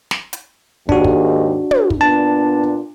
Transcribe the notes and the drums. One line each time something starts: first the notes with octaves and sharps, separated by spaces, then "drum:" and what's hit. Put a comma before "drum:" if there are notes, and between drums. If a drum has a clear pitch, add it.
drum: snare
drum: hi-hat
D#2 G#2 D4 F#4, drum: kick
drum: kick
drum: tom
drum: kick
A#2 B3 D4 A5